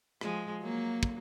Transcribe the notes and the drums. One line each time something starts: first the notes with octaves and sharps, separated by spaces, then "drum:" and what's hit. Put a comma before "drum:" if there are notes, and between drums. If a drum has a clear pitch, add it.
F3 G#3, drum: rim click
F#3 A#3
drum: kick